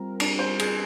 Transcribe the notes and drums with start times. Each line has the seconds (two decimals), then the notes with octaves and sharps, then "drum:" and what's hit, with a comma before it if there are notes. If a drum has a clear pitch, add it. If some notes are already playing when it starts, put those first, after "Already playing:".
Already playing: G3 C4 F4 A#4
0.20 D4, drum: cymbal
0.39 C5
0.59 G#4, drum: cymbal